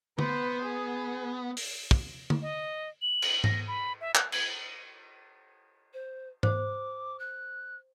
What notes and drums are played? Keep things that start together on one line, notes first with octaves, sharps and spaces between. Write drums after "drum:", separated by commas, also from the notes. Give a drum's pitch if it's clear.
B3 B4 C5, drum: tom D3
G#4
drum: open hi-hat
drum: kick
drum: tom D3
D#5
F#7
drum: cymbal
A#6, drum: tom G#2
B5
E5
F#6, drum: clap
G#6, drum: cymbal
C5
C5 D6, drum: tom G#2
F#6